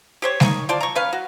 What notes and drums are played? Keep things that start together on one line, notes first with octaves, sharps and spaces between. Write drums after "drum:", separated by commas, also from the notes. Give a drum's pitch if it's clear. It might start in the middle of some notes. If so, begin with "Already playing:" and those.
G4 C5 C#5
D#3 D#4 C#6, drum: snare G3
F4 C5 D5 A5
A#5 C#6
C#4 B4 F5
F#4